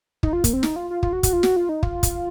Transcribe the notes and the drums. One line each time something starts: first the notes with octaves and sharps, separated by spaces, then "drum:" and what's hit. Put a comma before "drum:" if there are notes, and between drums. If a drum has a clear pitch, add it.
D#4, drum: kick
F4
A#3, drum: kick, hi-hat
C4
D#4, drum: snare
F4
F4
F4, drum: kick
F#4
F#4, drum: kick, hi-hat
F4
F#4, drum: snare
F4
D#4
F4, drum: kick
drum: kick, hi-hat